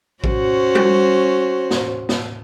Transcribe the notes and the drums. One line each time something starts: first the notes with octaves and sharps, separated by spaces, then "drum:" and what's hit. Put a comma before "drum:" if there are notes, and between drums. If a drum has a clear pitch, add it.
C#4 F#4 C5, drum: kick A1
drum: tom G3
drum: snare
drum: snare